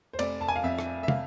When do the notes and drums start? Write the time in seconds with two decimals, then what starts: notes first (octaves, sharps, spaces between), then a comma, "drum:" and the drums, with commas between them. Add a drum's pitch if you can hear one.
0.13 C5
0.19 F1 D5, drum: cymbal
0.41 A5
0.49 G#5
0.56 F5
0.63 F2 E5
0.79 drum: rim click
1.03 E5
1.08 F5, drum: tom